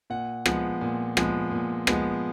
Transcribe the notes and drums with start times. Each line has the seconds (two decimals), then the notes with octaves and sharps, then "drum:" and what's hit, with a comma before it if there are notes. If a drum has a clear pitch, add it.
0.10 A#2 F#5
0.46 F3 G#3 B3 F#5, drum: rim click
0.81 A#2
1.17 F3 G#3 B3, drum: rim click
1.51 A#2
1.87 F3 G#3 B3, drum: rim click